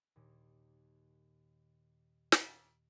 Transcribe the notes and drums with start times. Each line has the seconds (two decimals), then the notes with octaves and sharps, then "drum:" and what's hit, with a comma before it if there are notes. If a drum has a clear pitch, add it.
0.16 D#2 A#2
2.32 drum: snare